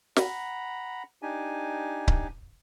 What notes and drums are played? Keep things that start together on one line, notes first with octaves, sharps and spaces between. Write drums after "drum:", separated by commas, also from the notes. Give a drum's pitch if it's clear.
F#5 A#5 B5, drum: snare
D4 D#4 G4 G#5
drum: kick C#1